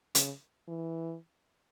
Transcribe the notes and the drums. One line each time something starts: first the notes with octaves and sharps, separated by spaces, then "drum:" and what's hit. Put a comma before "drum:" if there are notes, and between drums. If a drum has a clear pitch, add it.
C#3, drum: hi-hat
E3